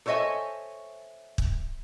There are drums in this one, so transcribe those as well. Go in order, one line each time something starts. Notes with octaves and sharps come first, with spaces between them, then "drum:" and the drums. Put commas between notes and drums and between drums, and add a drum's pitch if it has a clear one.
A4 C5 C#5 D#5 E5 G#5
drum: kick